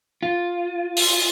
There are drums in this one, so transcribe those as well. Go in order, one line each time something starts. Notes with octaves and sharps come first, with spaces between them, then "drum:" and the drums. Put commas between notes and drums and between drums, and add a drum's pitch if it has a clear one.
F4
drum: open hi-hat